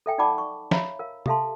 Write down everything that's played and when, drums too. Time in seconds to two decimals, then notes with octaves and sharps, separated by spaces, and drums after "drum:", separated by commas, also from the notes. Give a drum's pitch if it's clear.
0.06 A4 E5 G5 G#5
0.18 D#4 D5 F#5 A5 B5 D6
0.38 C#6
0.71 C#5 E5 F5 A#5 B5, drum: snare
0.99 A#4 F5
1.26 G4 A4 E5 F5 A5 C6, drum: tom C3